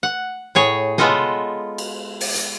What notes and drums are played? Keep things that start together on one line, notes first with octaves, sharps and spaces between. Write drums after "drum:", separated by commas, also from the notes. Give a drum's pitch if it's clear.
F#5
A2 G#4 C#5
G#3 B3 F4 A4 D#5, drum: tom
drum: cymbal
drum: open hi-hat
drum: hi-hat